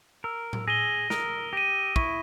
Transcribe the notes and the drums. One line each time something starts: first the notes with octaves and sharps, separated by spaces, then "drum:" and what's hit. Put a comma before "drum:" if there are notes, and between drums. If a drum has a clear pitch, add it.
A#4 E6
drum: tom A2
G#4 A#6 D#7 G7
A#4 D#6, drum: snare
G4 A#6 D#7
E4 C#6, drum: kick